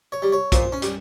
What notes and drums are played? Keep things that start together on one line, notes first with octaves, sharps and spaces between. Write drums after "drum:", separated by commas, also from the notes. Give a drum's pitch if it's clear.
C#5
G3
C#5
A#2 C5, drum: kick B1, hi-hat
C#4
G3, drum: hi-hat